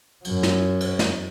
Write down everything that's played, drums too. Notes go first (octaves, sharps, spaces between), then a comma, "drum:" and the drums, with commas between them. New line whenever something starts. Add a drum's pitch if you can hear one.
F#2 F#3, drum: cymbal
drum: snare
drum: cymbal
drum: snare